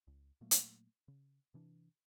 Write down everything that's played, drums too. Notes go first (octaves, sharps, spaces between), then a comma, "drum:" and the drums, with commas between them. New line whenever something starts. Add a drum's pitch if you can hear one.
C#2
A#2 F#3 A3 A#3
drum: hi-hat
C#3
C3 E3 D4